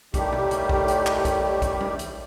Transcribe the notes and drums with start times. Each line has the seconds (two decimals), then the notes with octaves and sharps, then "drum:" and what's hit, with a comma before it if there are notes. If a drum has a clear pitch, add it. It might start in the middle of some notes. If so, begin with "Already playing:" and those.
0.14 A2 D#3 G3 A3 G4, drum: kick A#1, hi-hat
0.32 drum: tom B2
0.51 drum: hi-hat
0.69 drum: kick A#1
0.88 drum: hi-hat
1.06 drum: clap
1.25 drum: kick A#1, hi-hat
1.62 drum: kick A#1, hi-hat
1.80 drum: tom G3
1.99 drum: hi-hat